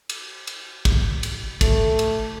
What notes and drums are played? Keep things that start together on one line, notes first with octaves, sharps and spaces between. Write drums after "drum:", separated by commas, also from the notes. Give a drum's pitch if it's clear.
drum: cymbal
drum: cymbal
drum: kick, cymbal
drum: cymbal
A3, drum: kick, cymbal
drum: cymbal